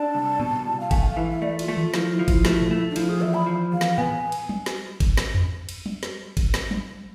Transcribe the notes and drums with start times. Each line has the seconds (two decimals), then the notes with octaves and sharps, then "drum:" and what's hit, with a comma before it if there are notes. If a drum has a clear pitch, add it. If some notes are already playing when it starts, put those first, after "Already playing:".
Already playing: D4 A5
0.15 C2
0.40 B2, drum: tom A2
0.65 C2
0.80 F5
0.91 A3 G#5, drum: kick G1, cymbal
1.04 F5
1.17 E3 E5
1.30 E5
1.42 A3 D5
1.59 F4, drum: cymbal
1.68 A3
1.77 F4, drum: tom D#3
1.94 F3 E4, drum: snare
2.11 E4
2.19 F3
2.28 E4, drum: kick G1, cymbal
2.45 A3, drum: snare
2.62 drum: tom A2
2.71 A3
2.90 D4
2.96 F3 E4, drum: cymbal
3.09 G#4
3.21 E2 E5
3.34 B5
3.46 F3
3.72 E2 F5
3.81 drum: snare
3.98 B3 G#5, drum: tom A2
4.32 drum: cymbal
4.49 drum: tom
4.66 drum: snare
5.00 drum: kick G1, cymbal
5.17 drum: snare
5.35 drum: tom E2
5.69 drum: cymbal
5.86 drum: tom
6.03 drum: snare
6.37 drum: kick G1, cymbal
6.54 drum: snare
6.71 drum: tom